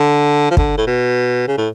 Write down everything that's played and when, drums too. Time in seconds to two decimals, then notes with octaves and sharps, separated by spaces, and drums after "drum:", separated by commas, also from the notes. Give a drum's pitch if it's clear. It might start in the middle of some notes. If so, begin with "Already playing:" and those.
Already playing: D3
0.51 F3
0.57 D3, drum: kick
0.77 A2
0.87 B2
1.48 C#3
1.58 A2